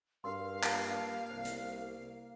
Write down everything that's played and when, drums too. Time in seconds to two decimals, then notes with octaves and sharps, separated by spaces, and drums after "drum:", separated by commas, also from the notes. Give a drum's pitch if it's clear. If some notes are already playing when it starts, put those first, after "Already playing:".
0.24 G2 F#4 A#4 F5 C6
0.63 A#3 F4 A5, drum: clap
1.31 C2 C5
1.45 drum: hi-hat